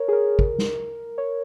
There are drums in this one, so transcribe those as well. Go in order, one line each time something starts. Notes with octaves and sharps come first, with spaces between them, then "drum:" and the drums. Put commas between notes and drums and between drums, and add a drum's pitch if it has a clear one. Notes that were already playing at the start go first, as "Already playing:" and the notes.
Already playing: A#4 C#5
G#4
A#4
drum: kick
drum: snare
C#5